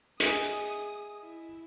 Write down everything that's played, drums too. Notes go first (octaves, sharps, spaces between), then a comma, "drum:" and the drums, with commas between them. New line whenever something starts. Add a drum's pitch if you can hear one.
G#4 D#5 E5 G#5 D#6, drum: hi-hat
E4